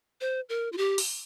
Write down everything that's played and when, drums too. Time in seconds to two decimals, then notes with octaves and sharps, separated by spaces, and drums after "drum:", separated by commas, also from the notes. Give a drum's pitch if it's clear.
0.21 C5
0.49 A#4
0.72 F4
0.78 G4
0.98 drum: open hi-hat